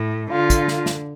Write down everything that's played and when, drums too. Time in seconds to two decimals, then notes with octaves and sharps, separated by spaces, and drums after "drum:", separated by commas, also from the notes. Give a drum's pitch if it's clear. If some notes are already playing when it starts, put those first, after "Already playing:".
Already playing: A2
0.32 D3 F4
0.50 drum: kick, hi-hat
0.68 drum: snare
0.86 drum: snare